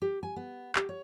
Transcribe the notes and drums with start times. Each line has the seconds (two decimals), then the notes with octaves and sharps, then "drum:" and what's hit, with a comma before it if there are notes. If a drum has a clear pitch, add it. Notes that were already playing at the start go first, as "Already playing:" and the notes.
0.02 G4
0.23 G#5
0.36 B3
0.76 G4, drum: clap
0.89 C#5